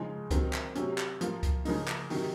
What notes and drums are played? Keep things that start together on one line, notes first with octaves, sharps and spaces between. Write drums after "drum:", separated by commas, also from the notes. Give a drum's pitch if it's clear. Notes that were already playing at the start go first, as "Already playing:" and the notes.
Already playing: C#3 F3 G#3 D#4 G#4
D#3 F#3 C4, drum: kick C#2, hi-hat
drum: clap
C3 F#3 C#4, drum: hi-hat
drum: clap
F3 A#3 F4, drum: hi-hat
drum: kick C#2, hi-hat
C#3 F3 A#3 D#4, drum: open hi-hat
drum: clap
C3 D#3 F#3, drum: open hi-hat